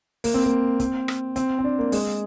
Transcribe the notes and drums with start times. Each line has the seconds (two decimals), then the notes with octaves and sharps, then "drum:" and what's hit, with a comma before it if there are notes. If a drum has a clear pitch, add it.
0.24 A#3, drum: open hi-hat
0.34 C4
0.45 A#3
0.80 C4, drum: kick, hi-hat
1.08 drum: rim click
1.36 C4, drum: hi-hat
1.59 C4
1.64 D4
1.79 A#3
1.92 G#3, drum: open hi-hat